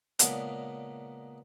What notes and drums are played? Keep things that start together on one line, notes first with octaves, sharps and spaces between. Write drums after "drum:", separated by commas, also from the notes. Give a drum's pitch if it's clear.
A#2 C#3 G#3 A#3 B3 D4, drum: hi-hat